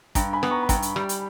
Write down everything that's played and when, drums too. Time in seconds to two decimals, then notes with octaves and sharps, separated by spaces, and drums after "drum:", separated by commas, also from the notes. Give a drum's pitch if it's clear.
0.15 G2 G5 A#5, drum: kick, hi-hat
0.33 G#5 B5
0.43 B3, drum: rim click
0.51 A#5 C#6
0.63 B5
0.69 G2 G5 A#5, drum: kick, hi-hat
0.82 drum: hi-hat
0.96 G3, drum: rim click
1.09 drum: hi-hat